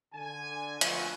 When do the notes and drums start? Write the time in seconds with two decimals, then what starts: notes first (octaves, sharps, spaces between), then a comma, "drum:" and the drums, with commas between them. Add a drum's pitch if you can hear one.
0.15 D3 G#5
0.81 F3 A3 B3 C4 F4 F#4, drum: hi-hat